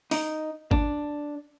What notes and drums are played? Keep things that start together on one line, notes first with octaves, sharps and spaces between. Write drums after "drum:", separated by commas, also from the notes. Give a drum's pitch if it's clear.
D#4, drum: open hi-hat
D4, drum: kick G#1